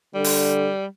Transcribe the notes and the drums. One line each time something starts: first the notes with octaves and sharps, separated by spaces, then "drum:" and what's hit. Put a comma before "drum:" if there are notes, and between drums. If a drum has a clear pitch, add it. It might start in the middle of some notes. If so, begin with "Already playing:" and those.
D3 G3
drum: open hi-hat